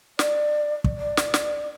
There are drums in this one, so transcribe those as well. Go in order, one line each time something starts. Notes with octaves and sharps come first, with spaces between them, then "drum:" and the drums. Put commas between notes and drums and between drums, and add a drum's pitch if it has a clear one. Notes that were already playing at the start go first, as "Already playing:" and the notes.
D5, drum: snare
drum: kick
D5
drum: snare
drum: snare